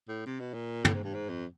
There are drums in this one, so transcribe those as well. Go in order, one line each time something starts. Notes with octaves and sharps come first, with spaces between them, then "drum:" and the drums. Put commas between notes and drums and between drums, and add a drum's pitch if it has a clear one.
A2
C3
B2
A#2
A2, drum: tom
G#2
G2
G#2
F2